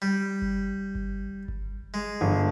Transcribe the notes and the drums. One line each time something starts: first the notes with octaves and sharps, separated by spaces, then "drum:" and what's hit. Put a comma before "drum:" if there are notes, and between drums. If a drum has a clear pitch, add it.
G3
drum: kick G1
drum: kick G1
drum: kick G1
G#3
G1